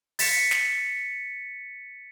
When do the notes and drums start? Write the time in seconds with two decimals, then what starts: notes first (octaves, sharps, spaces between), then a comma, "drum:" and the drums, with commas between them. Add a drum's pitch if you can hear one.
0.19 A6 B6 C#7, drum: open hi-hat
0.51 drum: snare